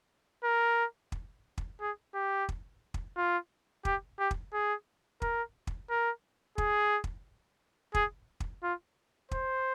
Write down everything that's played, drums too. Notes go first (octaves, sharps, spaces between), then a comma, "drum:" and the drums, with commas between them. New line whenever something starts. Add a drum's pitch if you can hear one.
A#4
drum: kick
drum: kick
G#4
G4
drum: kick
drum: kick
F4
G4, drum: kick
G4
drum: kick
G#4
A#4, drum: kick
drum: kick
A#4
G#4, drum: kick
drum: kick
G#4, drum: kick
drum: kick
F4
C5, drum: kick